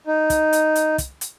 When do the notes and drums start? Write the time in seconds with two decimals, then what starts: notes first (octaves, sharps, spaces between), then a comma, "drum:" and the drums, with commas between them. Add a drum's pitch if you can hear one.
0.07 D#4
0.30 drum: kick, hi-hat
0.53 drum: hi-hat
0.75 drum: hi-hat
0.98 drum: kick, hi-hat
1.21 drum: hi-hat